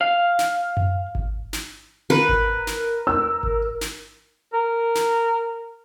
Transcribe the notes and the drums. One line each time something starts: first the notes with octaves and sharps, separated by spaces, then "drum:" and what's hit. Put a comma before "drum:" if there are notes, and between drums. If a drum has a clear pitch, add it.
F5
drum: snare
drum: tom F#2
drum: kick G#1
drum: snare
A#4 B4
drum: kick G#1
drum: snare
E6
drum: kick G#1
drum: snare
A#4
drum: snare